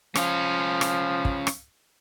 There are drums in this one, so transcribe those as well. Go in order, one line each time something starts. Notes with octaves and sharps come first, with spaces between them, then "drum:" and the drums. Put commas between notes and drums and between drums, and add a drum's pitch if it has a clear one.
F3 C#4 F4, drum: rim click
drum: rim click
drum: kick
drum: rim click